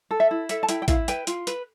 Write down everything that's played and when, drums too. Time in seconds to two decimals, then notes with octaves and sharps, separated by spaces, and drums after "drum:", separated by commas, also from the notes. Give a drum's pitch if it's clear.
0.11 A4
0.20 E5
0.31 E4
0.49 A4 E5, drum: hi-hat
0.63 A5
0.69 E4 G5, drum: hi-hat
0.82 G5
0.88 E4 F5, drum: kick, hi-hat
1.08 B4 G5, drum: hi-hat
1.27 F4, drum: hi-hat
1.47 B4, drum: hi-hat